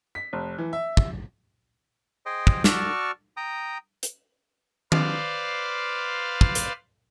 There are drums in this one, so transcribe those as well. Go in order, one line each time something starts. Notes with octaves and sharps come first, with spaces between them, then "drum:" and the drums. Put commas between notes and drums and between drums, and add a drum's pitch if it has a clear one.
B6
F1
E3
E5
drum: kick
G#4 C5 D#5 G5
drum: kick
F#4 D5 A5 C#6 E6 F6, drum: snare
G5 A#5 D#6
drum: hi-hat
B4 C5 D5 F5, drum: tom D#3
drum: kick
drum: hi-hat